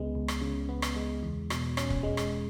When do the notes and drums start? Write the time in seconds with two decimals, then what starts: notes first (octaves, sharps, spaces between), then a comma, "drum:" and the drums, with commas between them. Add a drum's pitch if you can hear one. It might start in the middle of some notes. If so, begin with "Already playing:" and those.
Already playing: C#2 C#3 G#3 B3
0.15 C#2
0.28 drum: rim click
0.41 C#3
0.69 B3
0.82 drum: rim click
0.96 G#3
1.23 E2
1.50 B2, drum: rim click
1.77 C#4, drum: rim click
1.90 drum: kick
2.03 G#3
2.17 drum: rim click